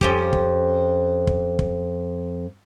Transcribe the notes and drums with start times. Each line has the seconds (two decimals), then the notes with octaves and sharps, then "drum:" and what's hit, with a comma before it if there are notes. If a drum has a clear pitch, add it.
0.01 F2 C#4 G4, drum: kick
0.33 drum: kick
1.27 drum: kick
1.59 drum: kick